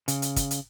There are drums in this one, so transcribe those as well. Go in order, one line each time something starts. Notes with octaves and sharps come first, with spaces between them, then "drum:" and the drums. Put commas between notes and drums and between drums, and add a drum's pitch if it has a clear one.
C#3, drum: hi-hat
drum: hi-hat
drum: kick, hi-hat
drum: hi-hat